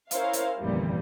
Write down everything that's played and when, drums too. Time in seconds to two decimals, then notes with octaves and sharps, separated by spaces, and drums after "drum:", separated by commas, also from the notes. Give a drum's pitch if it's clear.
0.11 C#4 E4 A#4 C5 C#5 F5, drum: hi-hat
0.33 drum: hi-hat
0.61 G1 F2 A#2 C#3 E3 G3